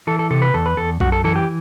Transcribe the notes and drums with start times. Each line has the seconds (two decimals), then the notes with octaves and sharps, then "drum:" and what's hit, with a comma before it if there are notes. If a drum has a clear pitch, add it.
0.07 E3 A4
0.19 A4
0.31 C3 A4
0.42 B4
0.54 E2 A4
0.66 B4
0.77 E2 A4
1.00 F#2 F#4, drum: kick B1
1.12 A4
1.24 E3 A4
1.36 G4